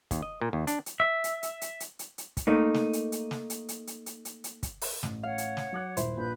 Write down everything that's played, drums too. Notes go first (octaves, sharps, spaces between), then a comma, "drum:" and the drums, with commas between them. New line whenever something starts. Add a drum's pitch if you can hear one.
D#2, drum: kick, hi-hat
D#5
A#2
D#2
D4, drum: hi-hat
drum: hi-hat
E5
drum: hi-hat
drum: hi-hat
drum: hi-hat
drum: hi-hat
drum: hi-hat
drum: hi-hat
drum: kick, hi-hat
A3 A#3 D#4
drum: snare
drum: hi-hat
drum: hi-hat
drum: snare
drum: hi-hat
drum: hi-hat
drum: hi-hat
drum: hi-hat
drum: hi-hat
drum: hi-hat
drum: kick, hi-hat
drum: open hi-hat
A1, drum: snare
C#5 F5 F#5
drum: hi-hat
drum: snare
F#3 D6 F#6
D#1 E4 C5, drum: hi-hat
A#1 F4 B4 B5 G6